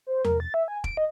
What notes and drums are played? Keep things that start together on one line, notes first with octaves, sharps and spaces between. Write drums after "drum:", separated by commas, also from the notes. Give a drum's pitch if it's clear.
C5
A#4, drum: tom E2
A6
E5
G#5
D7, drum: kick E1
D#5